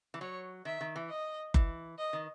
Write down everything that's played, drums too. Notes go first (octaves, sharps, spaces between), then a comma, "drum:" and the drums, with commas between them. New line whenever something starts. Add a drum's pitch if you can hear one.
E3
F#3 C#5
D#3 E5
D#3
E3
D#5
E3, drum: kick F#1
D#5
D#3